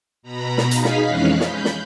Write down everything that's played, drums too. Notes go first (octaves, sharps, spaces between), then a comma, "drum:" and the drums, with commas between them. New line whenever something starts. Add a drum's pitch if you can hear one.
B2 A#5 B5
drum: snare
D#4 G#4 F5 B6, drum: hi-hat
drum: snare
F2 E3 G#3 C#4 F5 F#6
B5 G6, drum: snare
drum: snare